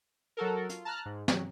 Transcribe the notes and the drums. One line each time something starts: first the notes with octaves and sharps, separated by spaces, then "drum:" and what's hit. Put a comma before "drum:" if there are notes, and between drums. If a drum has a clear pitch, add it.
F#3 F#4 A4 A#4
F4, drum: hi-hat
A5 A#5 F6 F#6
G#2
F#3, drum: snare